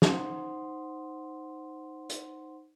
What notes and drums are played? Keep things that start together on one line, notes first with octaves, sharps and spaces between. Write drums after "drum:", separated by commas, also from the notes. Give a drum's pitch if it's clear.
D#4 C5 F#5 C6, drum: snare
drum: hi-hat